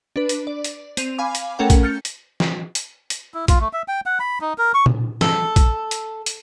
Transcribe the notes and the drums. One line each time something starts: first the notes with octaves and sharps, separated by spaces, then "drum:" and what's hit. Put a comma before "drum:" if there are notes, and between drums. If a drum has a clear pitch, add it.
D4 B4
drum: hi-hat
D5
drum: hi-hat
C4 D#7 F7, drum: hi-hat
F5 G#5 B5 D6
drum: hi-hat
A3 C#4 A4 A#4 F#5 G5
drum: kick A#1, hi-hat
F6 G6 A6 C#7
drum: hi-hat
drum: snare
drum: hi-hat
drum: hi-hat
E4
F4, drum: kick A#1, hi-hat
A3
E5
G5
F#5
B5
D#4
A#4
C#6
drum: tom
A4, drum: snare
drum: kick A#1, hi-hat
drum: hi-hat
drum: hi-hat